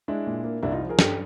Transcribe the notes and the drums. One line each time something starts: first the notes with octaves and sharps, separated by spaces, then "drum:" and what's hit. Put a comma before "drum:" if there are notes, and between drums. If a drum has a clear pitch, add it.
G#3 D4 E4
A#2
A#3
C2 D4 E4
D#4 F4
F3
G#4 A#4
G2 G4 A4, drum: snare